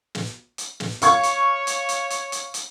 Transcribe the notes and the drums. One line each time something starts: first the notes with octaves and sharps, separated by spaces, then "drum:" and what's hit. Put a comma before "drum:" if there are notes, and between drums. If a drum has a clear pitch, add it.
drum: snare
drum: hi-hat
drum: snare
C#5 F5 C#6 G#6, drum: hi-hat
drum: hi-hat
drum: hi-hat
drum: hi-hat
drum: hi-hat
drum: hi-hat
drum: hi-hat